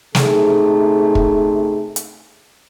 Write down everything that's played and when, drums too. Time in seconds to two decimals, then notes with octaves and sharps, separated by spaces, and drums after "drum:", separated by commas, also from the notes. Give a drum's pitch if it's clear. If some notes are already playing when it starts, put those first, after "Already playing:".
0.15 C3 A3 D#4 G#4, drum: snare
1.15 drum: kick
1.96 drum: hi-hat